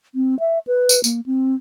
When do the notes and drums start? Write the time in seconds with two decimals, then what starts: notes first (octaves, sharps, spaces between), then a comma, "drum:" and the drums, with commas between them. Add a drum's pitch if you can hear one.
0.15 C4
0.39 E5
0.67 B4
0.89 drum: tambourine
1.04 A#3, drum: tambourine
1.26 C4